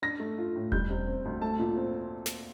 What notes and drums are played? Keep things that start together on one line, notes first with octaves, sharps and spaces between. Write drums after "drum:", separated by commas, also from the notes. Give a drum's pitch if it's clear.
D4 A#6
A3
F4
A2
G3 G6, drum: kick E1
C3
C4
D2
A3 A5
A#2
C4
drum: snare